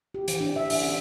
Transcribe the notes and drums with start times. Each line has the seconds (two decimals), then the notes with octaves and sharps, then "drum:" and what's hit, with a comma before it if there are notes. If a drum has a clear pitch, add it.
0.14 G4
0.28 E3, drum: hi-hat
0.41 D4
0.56 E5
0.70 E5, drum: open hi-hat
0.83 C#4